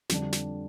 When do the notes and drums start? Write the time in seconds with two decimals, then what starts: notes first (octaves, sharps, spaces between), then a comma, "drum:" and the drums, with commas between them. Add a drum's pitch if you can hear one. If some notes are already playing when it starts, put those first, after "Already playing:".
0.09 F2 D3 G3 D4, drum: snare
0.33 drum: snare